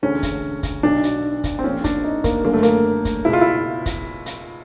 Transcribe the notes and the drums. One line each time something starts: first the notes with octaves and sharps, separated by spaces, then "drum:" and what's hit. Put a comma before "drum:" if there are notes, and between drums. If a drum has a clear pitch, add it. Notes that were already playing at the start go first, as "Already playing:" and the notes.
E1 D2 D3 C#4
drum: kick, hi-hat
drum: kick, hi-hat
B1 B2 D4
drum: hi-hat
drum: kick, hi-hat
C4
A#1 A#2 C#4
D4, drum: kick, hi-hat
D#4
A#3, drum: kick, hi-hat
F#1 F#2 D3 A#3
A3
A#3, drum: hi-hat
drum: kick, hi-hat
C#2 B2 E4
F4
E4
drum: kick, hi-hat
drum: hi-hat